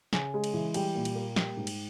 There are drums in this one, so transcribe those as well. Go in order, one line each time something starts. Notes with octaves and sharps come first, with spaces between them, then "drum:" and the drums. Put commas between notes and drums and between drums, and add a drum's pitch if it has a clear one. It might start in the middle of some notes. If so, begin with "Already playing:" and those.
C#3 G#5, drum: snare
G#3
drum: cymbal
E3
G3 G5, drum: cymbal
A#2
drum: cymbal
A#3
G3 G5, drum: snare
G#2
drum: cymbal